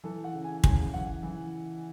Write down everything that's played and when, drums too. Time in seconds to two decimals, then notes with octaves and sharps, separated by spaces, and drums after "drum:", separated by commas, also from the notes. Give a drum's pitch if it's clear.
0.04 E3 A4
0.24 F#5
0.33 C#3
0.44 G#5
0.64 C#3 G#5, drum: kick
0.94 E3 F#5
1.23 E3